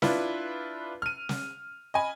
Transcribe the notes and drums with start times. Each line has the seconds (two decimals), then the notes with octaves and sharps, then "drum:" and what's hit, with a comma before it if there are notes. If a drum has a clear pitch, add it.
0.02 D4 E4 F4 B4, drum: snare
1.02 F6 D#7
1.29 drum: snare
1.94 D#5 G#5 B5